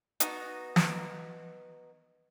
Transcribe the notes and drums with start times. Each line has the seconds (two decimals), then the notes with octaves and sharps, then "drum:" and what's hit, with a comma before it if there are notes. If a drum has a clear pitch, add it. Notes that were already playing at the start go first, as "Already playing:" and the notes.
0.20 B3 D#4 F#4, drum: hi-hat
0.76 drum: snare